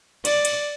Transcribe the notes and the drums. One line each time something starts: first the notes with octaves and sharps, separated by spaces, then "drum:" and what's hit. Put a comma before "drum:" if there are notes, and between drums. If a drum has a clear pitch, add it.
D5, drum: cymbal
drum: cymbal